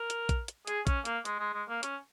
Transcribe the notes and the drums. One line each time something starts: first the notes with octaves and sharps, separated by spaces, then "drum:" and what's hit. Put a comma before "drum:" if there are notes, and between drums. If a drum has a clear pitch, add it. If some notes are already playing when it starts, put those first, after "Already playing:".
Already playing: A#4
drum: hi-hat
drum: kick, hi-hat
drum: hi-hat
G#4, drum: hi-hat
C#4, drum: kick, hi-hat
A#3, drum: hi-hat
G#3, drum: hi-hat
G#3
G#3
A#3
C#4, drum: hi-hat